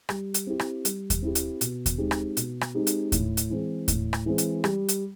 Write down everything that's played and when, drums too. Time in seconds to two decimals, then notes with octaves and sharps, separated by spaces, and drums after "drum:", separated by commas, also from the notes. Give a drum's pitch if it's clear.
0.09 G3, drum: rim click
0.34 drum: hi-hat
0.47 C4 E4 G4
0.60 drum: rim click
0.85 G3, drum: hi-hat
1.10 drum: kick D#2, hi-hat
1.22 C4 E4 G4
1.35 drum: hi-hat
1.61 B2, drum: hi-hat
1.86 drum: kick D#2, hi-hat
1.98 G#3 C4 D#4 G4
2.11 drum: rim click
2.37 B2, drum: hi-hat
2.61 drum: rim click
2.75 G#3 C4 D#4 G4
2.87 drum: hi-hat
3.12 A2, drum: kick D#2, hi-hat
3.37 drum: hi-hat
3.50 E3 G#3 C4
3.88 A2, drum: kick D#2, hi-hat
4.13 drum: rim click
4.26 E3 G#3 C4
4.38 drum: hi-hat
4.64 G3, drum: rim click
4.88 drum: hi-hat